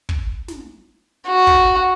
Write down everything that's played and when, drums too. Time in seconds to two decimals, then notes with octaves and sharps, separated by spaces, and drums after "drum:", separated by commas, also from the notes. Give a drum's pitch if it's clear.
0.09 drum: kick
0.48 drum: snare
1.27 F#4
1.47 drum: kick